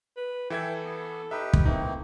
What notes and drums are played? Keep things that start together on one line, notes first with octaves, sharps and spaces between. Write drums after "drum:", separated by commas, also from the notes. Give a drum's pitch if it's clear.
B4
E3 A4 E5 G5 G#6
B3
D#4 G4 B4 E5
drum: kick
E3 A3 A#3 C4 D#4